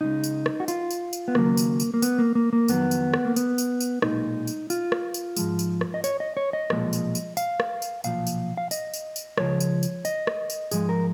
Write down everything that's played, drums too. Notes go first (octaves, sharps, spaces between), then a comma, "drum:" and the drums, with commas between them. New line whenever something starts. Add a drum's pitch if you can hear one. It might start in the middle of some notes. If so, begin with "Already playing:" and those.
C#2 C#3 G#3 D#4
drum: tambourine
drum: rim click
F#4
F4, drum: tambourine
drum: tambourine
drum: tambourine
B3
D#2 C#3 F#3 A#3, drum: rim click
drum: tambourine
drum: tambourine
A#3
B3, drum: tambourine
A#3
A#3
A#3
F2 D#3 F#3 B3, drum: tambourine
drum: tambourine
drum: rim click
A#3
B3, drum: tambourine
drum: tambourine
drum: tambourine
B1 A#2 G#3 D#4, drum: rim click
drum: tambourine
F4, drum: tambourine
drum: rim click
drum: tambourine
G#2 F3 G#3, drum: tambourine
drum: tambourine
drum: rim click
D#5
C#5, drum: tambourine
D#5
C#5
D#5
B1 A#2 F3 G#3, drum: rim click
drum: tambourine
drum: tambourine
F5, drum: tambourine
drum: rim click
drum: tambourine
B1 A#2 F3 F5, drum: tambourine
drum: tambourine
F5
D#5, drum: tambourine
drum: tambourine
drum: tambourine
C#2 C#3 F3 G#3 C#5, drum: rim click
drum: tambourine
drum: tambourine
D#5, drum: tambourine
drum: rim click
drum: tambourine
G#2 F3 G#3 G#4, drum: tambourine
A#4